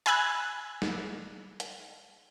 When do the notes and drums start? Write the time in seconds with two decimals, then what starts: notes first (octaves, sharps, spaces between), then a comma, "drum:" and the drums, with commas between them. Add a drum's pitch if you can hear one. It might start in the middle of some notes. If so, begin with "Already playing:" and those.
0.06 G#5 B5 E6 F#6 G#6, drum: hi-hat
0.82 drum: snare
1.60 drum: hi-hat